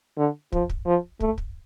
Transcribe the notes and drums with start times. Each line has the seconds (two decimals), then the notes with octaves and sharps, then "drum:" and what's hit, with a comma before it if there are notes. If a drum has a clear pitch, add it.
0.18 D3
0.52 F3, drum: kick
0.70 drum: kick
0.86 F3
1.20 A3, drum: kick
1.38 drum: kick